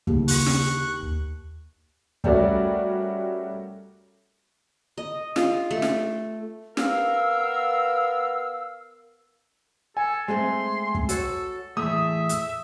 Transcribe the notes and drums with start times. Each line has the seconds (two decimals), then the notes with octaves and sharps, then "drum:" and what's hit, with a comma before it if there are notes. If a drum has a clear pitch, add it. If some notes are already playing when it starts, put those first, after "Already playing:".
0.07 D#2 C#3, drum: kick
0.28 C#6 F#6, drum: open hi-hat
0.46 drum: snare
1.03 D#2
2.24 G3 A3 C#4 F#4 A#4 D5, drum: kick
4.98 D#5
5.36 F4, drum: snare
5.71 A3
5.82 drum: snare
6.77 B3 A#4 F5 E6, drum: snare
9.97 A4 G#5
10.28 G#3 A3 C4 C6
10.95 drum: kick
11.09 F#4 A4 C#5, drum: hi-hat
11.77 E2 A2 A3 E5 D#6
12.29 drum: hi-hat